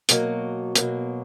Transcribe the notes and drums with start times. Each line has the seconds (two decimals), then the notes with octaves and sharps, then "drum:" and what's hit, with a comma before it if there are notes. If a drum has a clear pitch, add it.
0.09 B2 F#3 A#3, drum: hi-hat
0.76 B2 F#3 A#3, drum: hi-hat